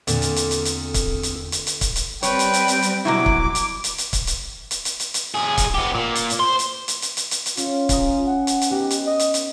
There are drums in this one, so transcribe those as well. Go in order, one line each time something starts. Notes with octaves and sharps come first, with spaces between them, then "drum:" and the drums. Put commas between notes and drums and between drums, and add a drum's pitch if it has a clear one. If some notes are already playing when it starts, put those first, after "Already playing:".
E2 A#2 D3 C4 A4, drum: hi-hat
drum: hi-hat
drum: hi-hat
drum: hi-hat
drum: hi-hat
drum: kick C#1, hi-hat
drum: hi-hat
drum: hi-hat
drum: hi-hat
drum: kick C#1, hi-hat
drum: hi-hat
G3 C4 B4 C#5 G5, drum: hi-hat
drum: hi-hat
drum: hi-hat
drum: hi-hat
drum: hi-hat
B2 F#3 E4 D6
drum: kick C#1
drum: hi-hat
drum: hi-hat
drum: hi-hat
drum: kick C#1, hi-hat
drum: hi-hat
drum: hi-hat
drum: hi-hat
drum: hi-hat
drum: hi-hat
F2 G#4
drum: kick C#1, hi-hat
B3 G4
A#2
drum: hi-hat
drum: hi-hat
C5
drum: hi-hat
drum: hi-hat
drum: hi-hat
drum: hi-hat
drum: hi-hat
drum: hi-hat
C#4 F4, drum: hi-hat
G#5 A#5 D#6, drum: kick C#1, hi-hat
F#5
drum: hi-hat
drum: hi-hat
B3 D#4 G4
drum: hi-hat
D#5
drum: hi-hat
drum: hi-hat